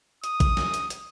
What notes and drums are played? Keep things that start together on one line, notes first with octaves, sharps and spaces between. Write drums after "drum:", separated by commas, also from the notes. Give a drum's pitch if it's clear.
D#6, drum: hi-hat
drum: kick A#1, hi-hat
drum: snare
drum: hi-hat
drum: hi-hat